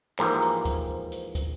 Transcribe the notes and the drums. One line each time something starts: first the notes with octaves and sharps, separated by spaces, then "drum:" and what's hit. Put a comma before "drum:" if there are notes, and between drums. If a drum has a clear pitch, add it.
G#2 E3 F3 A#3 G4 A#4, drum: clap
drum: hi-hat
drum: kick, hi-hat
drum: hi-hat
drum: kick, hi-hat